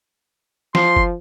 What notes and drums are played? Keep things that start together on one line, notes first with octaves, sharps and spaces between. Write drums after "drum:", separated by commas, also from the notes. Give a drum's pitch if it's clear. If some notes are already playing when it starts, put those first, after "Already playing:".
F3 C6, drum: snare
drum: kick F#1